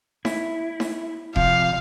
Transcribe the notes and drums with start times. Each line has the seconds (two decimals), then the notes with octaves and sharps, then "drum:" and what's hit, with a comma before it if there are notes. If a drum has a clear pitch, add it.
0.25 E4, drum: snare D#4
0.80 drum: snare D#4
1.36 C3 F3 F5, drum: kick E1